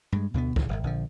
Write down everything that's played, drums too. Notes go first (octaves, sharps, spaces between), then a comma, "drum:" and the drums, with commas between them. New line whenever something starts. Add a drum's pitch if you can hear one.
G2 G#3
D2 B2 D3 B3
G1 A2 C#3, drum: kick
D1 G1
A#1 D3 F3